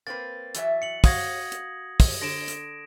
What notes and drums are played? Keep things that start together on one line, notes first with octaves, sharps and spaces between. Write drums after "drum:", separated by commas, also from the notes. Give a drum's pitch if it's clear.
A#3 C4 B4 A6
E3 F#3 E5, drum: hi-hat
C#7 F#7
F#4 F5 D#6 G#6 A#6, drum: kick, open hi-hat
drum: hi-hat
drum: kick, open hi-hat
D3 A#6 D7 E7
drum: hi-hat